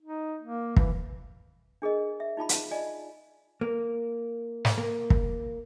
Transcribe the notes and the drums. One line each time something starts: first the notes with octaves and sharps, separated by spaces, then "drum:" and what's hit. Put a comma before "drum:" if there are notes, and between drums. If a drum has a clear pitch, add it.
D#4
A#3
E3, drum: kick
D4 G#4 A#4 D#5
E5
D#4 F4 A5 B5
drum: hi-hat
F4 D5 D#5 G#5
A#3
drum: snare
A#3
drum: kick